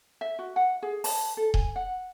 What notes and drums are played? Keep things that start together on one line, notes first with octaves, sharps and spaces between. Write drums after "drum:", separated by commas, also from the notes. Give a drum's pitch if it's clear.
E5
F#4
F#5
G#4
A5, drum: open hi-hat
A4
G#5, drum: kick D#1
F#5